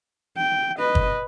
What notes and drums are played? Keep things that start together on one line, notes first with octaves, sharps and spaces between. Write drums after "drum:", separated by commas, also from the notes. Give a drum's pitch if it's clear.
G5
B4 D#5
drum: kick